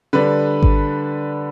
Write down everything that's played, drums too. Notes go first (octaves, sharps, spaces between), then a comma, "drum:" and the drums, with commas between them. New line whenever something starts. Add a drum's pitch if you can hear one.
D3 G3 D4 B4
drum: kick G#1